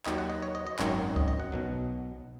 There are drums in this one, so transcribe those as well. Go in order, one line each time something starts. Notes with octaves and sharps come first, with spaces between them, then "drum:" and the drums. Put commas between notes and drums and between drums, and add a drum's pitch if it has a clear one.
D#2 D#3 F#3 D#5, drum: clap
F#5
D#5
C#5
D#5
D#5
G#1 F#2 D#3 F#3 C#5, drum: clap
D#5, drum: kick C#2
D#5
F#5
B1 B2 F#3